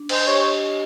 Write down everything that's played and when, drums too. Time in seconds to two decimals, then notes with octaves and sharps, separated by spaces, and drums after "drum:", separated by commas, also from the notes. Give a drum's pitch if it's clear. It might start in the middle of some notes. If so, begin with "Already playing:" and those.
Already playing: D4
0.09 C5 D#5, drum: cymbal
0.27 G4 C#5